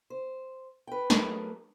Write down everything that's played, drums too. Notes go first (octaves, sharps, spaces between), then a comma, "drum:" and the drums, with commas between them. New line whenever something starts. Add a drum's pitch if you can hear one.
C5
B4 G5
F#3 A3 G#4 A#4 B4, drum: snare